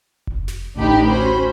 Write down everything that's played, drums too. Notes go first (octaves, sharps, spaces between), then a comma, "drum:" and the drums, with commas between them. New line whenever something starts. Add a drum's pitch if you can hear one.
drum: kick F1
drum: snare
A1 D2 D4 D#4 G4 B5
C#4 F#4 C5 B5